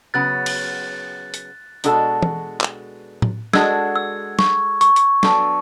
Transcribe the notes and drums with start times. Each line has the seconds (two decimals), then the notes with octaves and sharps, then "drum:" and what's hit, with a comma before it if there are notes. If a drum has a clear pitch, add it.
0.14 C#3 F#3 B3 F#6 A6
0.46 drum: cymbal
1.34 drum: hi-hat
1.84 B2 G#3 D4 F#4 A4, drum: hi-hat
2.22 drum: tom
2.61 drum: clap
3.22 drum: tom A2
3.53 G#3 D4 F#4 A4 E6 G#6, drum: snare
3.96 E6
4.39 C#6, drum: snare
4.81 C#6, drum: hi-hat
4.96 drum: hi-hat
5.23 F#3 B3 D4 A4, drum: snare